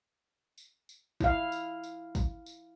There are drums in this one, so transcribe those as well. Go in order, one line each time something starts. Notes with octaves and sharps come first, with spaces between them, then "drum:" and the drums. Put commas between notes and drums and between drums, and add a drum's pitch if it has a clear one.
drum: tambourine
drum: tambourine
E4 F5, drum: kick, tambourine
drum: tambourine
drum: tambourine
drum: kick, tambourine
drum: tambourine